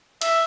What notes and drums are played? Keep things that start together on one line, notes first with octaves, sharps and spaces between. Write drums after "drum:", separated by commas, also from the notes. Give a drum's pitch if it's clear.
E5, drum: hi-hat